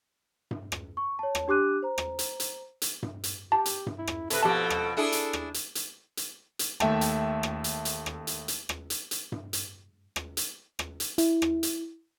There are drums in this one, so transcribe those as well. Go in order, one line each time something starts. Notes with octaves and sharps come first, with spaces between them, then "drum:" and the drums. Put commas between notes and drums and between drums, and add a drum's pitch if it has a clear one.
drum: tom G2
drum: rim click
C#6
C#5 A5
drum: rim click
D4 G4 D6 F#6 D#7
C5 A#5
drum: rim click
drum: hi-hat
drum: hi-hat
drum: hi-hat
drum: tom G2
drum: hi-hat
G4 A5
drum: hi-hat
drum: tom G2
E4
drum: rim click
C3 A4 B4, drum: hi-hat
B2 F3 C4 G4 A5
drum: rim click
D4 E4 G#4 A4
drum: hi-hat
drum: rim click
drum: hi-hat
drum: hi-hat
drum: hi-hat
drum: hi-hat
D#2 A3 E5 G5 A5, drum: rim click
drum: hi-hat
drum: rim click
drum: hi-hat
drum: hi-hat
drum: rim click
drum: hi-hat
drum: hi-hat
drum: rim click
drum: hi-hat
drum: hi-hat
drum: tom G2
drum: hi-hat
drum: rim click
drum: hi-hat
drum: rim click
drum: hi-hat
E4, drum: hi-hat
drum: rim click
drum: hi-hat